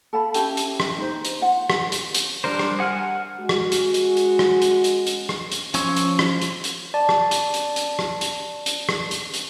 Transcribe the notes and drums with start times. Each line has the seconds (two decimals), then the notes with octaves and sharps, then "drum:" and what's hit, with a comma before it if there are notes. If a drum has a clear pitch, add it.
0.13 A4 F5 A5 B5
0.34 C#4 E4 G4, drum: hi-hat
0.57 drum: hi-hat
0.80 drum: rim click
0.98 D#4 C5
1.25 drum: hi-hat
1.41 F4 F#5
1.70 drum: rim click
1.92 drum: hi-hat
2.15 drum: hi-hat
2.44 G3 D4 A#4 C5
2.59 drum: rim click
2.79 G#4 F#5 G#5 F6
3.39 G#3 F#4
3.49 drum: rim click
3.72 drum: hi-hat
3.94 drum: hi-hat
4.17 drum: hi-hat
4.39 drum: rim click
4.62 drum: hi-hat
4.84 drum: hi-hat
5.07 drum: hi-hat
5.29 drum: rim click
5.52 drum: hi-hat
5.74 F3 C#4 G#5 C#6 E6, drum: hi-hat
5.97 drum: hi-hat
6.19 drum: rim click
6.41 drum: hi-hat
6.64 drum: hi-hat
6.94 D5 A5
7.09 drum: rim click
7.31 drum: hi-hat
7.54 drum: hi-hat
7.76 drum: hi-hat
7.99 drum: rim click
8.21 drum: hi-hat
8.66 drum: hi-hat
8.89 drum: rim click
9.11 drum: hi-hat
9.34 drum: hi-hat